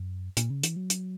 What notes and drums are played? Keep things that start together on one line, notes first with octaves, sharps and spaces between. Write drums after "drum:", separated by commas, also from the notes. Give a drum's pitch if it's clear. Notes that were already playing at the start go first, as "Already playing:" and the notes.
Already playing: F#2
A#2, drum: hi-hat
C#3
E3, drum: hi-hat
F#3
drum: hi-hat